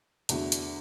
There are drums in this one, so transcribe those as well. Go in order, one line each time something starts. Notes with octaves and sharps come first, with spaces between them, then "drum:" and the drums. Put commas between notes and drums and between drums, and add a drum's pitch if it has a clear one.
E2 D3 A3 F#4, drum: hi-hat
drum: hi-hat